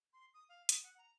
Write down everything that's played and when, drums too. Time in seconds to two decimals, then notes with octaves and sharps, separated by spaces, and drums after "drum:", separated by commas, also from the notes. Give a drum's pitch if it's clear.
0.13 C6
0.34 D#6
0.49 F5
0.69 D#6, drum: hi-hat
0.83 F#5
0.98 A#5